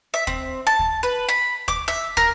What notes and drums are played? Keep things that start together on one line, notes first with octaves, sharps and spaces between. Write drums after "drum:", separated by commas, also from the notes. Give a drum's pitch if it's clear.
E5
C4, drum: kick
A5
drum: kick
B4
B5
D6, drum: kick
E5
A#4, drum: kick